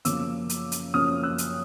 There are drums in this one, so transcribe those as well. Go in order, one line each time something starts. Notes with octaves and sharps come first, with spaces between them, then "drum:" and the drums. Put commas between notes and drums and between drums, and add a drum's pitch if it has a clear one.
F#2 C#3 F3 A#3 D6 E6, drum: hi-hat
drum: hi-hat
drum: hi-hat
F#2 C#3 F3 A#3 D#6 F6
E6 F#6
drum: hi-hat